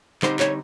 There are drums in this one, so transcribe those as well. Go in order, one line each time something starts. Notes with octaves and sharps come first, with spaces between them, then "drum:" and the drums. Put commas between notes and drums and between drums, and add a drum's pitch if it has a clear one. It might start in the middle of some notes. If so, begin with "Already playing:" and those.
D3 G3 C4 D#4 C5, drum: clap
C#5, drum: clap